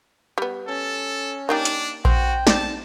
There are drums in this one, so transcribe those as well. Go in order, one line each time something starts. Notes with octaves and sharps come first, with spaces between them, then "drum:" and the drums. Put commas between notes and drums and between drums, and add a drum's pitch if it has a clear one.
G3 B3
C#4 A4
A#3 D4 D#4 G4
drum: hi-hat
C4 F#4 G5, drum: kick A#1
C4 D#4 D5 A5, drum: snare